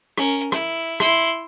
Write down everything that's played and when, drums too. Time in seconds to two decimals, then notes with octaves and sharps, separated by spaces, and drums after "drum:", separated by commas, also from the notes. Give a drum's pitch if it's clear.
0.18 C#4 A#4, drum: rim click
0.52 E4, drum: rim click
1.00 E4 C6, drum: rim click